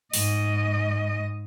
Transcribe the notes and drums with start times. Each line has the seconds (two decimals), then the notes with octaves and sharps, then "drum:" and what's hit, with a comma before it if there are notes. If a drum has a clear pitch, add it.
0.14 G#2 D#5, drum: open hi-hat